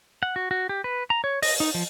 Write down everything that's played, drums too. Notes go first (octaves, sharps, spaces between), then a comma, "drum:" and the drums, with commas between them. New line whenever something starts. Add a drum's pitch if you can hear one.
F#5
F#4
F#4
G4
B4
A#5
C#5
D#5, drum: open hi-hat
D#4
F3